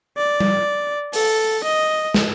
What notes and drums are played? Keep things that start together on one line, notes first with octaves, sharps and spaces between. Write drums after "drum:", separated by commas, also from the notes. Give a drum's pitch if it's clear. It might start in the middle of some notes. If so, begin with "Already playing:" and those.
D5
drum: tom G3
A4, drum: open hi-hat
D#5
drum: snare